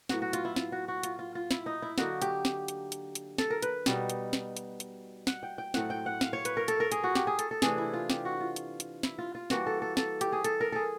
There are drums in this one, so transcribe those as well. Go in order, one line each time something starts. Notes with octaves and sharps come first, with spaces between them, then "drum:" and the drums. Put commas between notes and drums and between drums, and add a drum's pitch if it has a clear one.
A2 F#3 B3 F#4, drum: snare
F#4
F4, drum: hi-hat
E4
F4, drum: snare
F#4
F#4
F4, drum: hi-hat
F4
F4
E4, drum: snare
D#4
E4
D3 F#3 A#3 D#4 F#4, drum: snare
G4, drum: hi-hat
drum: snare
drum: hi-hat
drum: hi-hat
drum: hi-hat
A4, drum: snare
A#4
B4, drum: hi-hat
B2 G3 B3 D#4, drum: snare
drum: hi-hat
drum: snare
drum: hi-hat
drum: hi-hat
F#5, drum: snare
G5
G5
A2 F#3 A3 C4 F#5, drum: snare
G5
F#5
F5, drum: snare
C#5
B4, drum: hi-hat
A#4
A4, drum: hi-hat
A#4
G#4, drum: hi-hat
F#4
G4, drum: snare
G#4
A4, drum: hi-hat
A4
C3 E3 A3 D4 G#4, drum: snare
E4
F4
G4, drum: snare
F#4
F4
drum: hi-hat
drum: hi-hat
E4, drum: snare
F4
F4
E3 G3 A#3 F#4, drum: snare
A4
A4
A4, drum: snare
G4, drum: hi-hat
G#4
A4, drum: hi-hat
A#4
G#4 A4